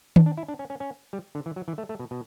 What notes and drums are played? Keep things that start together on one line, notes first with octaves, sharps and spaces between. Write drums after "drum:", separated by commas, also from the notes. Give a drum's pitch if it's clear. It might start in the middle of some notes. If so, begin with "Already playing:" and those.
D4, drum: tom D#3
D4
E4
D4
C#4
C#4
C#4
G3
D3
E3
F#3
E3
A3
A3
B2
B2